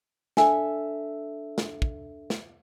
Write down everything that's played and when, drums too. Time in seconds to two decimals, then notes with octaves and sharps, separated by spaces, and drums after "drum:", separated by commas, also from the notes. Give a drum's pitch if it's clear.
0.37 D4 A4 E5 G#5, drum: snare
1.58 drum: snare
1.82 drum: kick
2.30 drum: snare